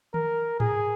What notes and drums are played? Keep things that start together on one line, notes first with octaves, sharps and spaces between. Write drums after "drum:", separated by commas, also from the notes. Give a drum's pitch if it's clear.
A#4, drum: tom D#3
G#4, drum: tom G#2